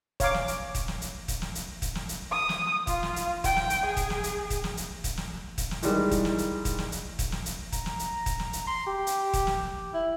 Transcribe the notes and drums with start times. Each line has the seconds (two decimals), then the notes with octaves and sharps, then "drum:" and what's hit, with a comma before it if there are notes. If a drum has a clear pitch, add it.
0.20 C#5 F5 A#5 D6, drum: kick, hi-hat
0.34 drum: snare
0.48 drum: hi-hat
0.75 drum: kick, hi-hat
0.88 drum: snare
1.01 drum: hi-hat
1.28 drum: kick, hi-hat
1.42 drum: snare
1.55 drum: hi-hat
1.82 drum: kick, hi-hat
1.95 drum: snare
2.09 drum: hi-hat
2.32 D#6
2.49 drum: snare
2.87 F4, drum: kick, hi-hat
3.03 drum: snare
3.16 drum: hi-hat
3.44 G5, drum: kick, hi-hat
3.56 drum: snare
3.70 drum: hi-hat
3.86 G#4
3.97 drum: kick, hi-hat
4.10 drum: snare
4.24 drum: hi-hat
4.50 drum: kick, hi-hat
4.64 drum: snare
4.77 drum: hi-hat
5.04 drum: kick, hi-hat
5.17 drum: snare
5.58 drum: kick, hi-hat
5.71 drum: snare
5.83 D#3 E3 G3 G#3, drum: hi-hat
6.11 drum: kick, hi-hat
6.25 drum: snare
6.38 drum: hi-hat
6.65 drum: kick, hi-hat
6.79 drum: snare
6.92 drum: hi-hat
7.19 drum: kick, hi-hat
7.32 drum: snare
7.46 drum: hi-hat
7.72 A#5, drum: kick, hi-hat
7.86 drum: snare
7.99 drum: hi-hat
8.26 drum: kick, hi-hat
8.40 drum: snare
8.53 drum: hi-hat
8.67 C6
8.86 G4
9.07 drum: hi-hat
9.34 drum: kick, hi-hat
9.47 drum: snare
9.94 E4